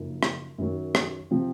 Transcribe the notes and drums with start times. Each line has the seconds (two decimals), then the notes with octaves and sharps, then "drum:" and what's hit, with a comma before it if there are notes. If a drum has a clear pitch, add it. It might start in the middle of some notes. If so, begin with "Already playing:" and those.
Already playing: F#2 C#3 F3 A#3 D#4
0.23 drum: rim click
0.58 F#2 D#3 F#3
0.95 drum: rim click
1.31 C3 F3 C4